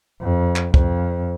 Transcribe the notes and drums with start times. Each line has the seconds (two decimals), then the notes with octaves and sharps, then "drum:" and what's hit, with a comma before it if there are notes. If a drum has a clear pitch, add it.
0.21 F2
0.56 drum: clap
0.74 F2, drum: kick